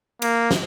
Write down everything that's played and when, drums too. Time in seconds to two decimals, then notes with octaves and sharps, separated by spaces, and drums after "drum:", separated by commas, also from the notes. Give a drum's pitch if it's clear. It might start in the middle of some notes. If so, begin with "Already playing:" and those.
0.22 A#3, drum: cymbal
0.51 drum: snare